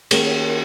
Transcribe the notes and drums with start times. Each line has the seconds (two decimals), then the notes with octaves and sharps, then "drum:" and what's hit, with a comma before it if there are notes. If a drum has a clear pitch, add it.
0.11 D#3 A#3 C#4 G#4, drum: cymbal